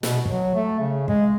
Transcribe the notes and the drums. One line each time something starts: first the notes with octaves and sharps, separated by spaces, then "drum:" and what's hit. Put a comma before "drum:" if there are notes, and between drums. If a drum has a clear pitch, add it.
B2, drum: snare
F#3, drum: kick
A3
C#3
G#3, drum: kick